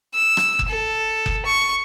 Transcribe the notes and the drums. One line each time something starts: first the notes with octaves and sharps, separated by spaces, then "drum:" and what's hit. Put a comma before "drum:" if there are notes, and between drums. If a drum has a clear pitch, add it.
E6
drum: rim click
drum: kick F#1
A4
drum: kick F#1
C#6